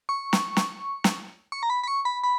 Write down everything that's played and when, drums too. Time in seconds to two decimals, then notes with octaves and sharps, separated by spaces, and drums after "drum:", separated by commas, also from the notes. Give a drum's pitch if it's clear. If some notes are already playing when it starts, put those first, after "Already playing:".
0.09 C#6
0.33 drum: snare
0.57 drum: snare
1.04 drum: snare
1.52 C#6
1.63 A#5
1.70 B5
1.83 B5
1.88 C#6
2.05 B5
2.24 B5